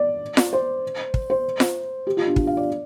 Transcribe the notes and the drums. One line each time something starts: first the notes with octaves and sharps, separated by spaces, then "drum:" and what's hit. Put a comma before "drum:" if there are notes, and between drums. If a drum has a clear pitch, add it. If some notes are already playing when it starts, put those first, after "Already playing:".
Already playing: D5
drum: snare F4
C5
drum: kick
C5
drum: snare F4
G4
F4
D4
F4, drum: kick
F5
D5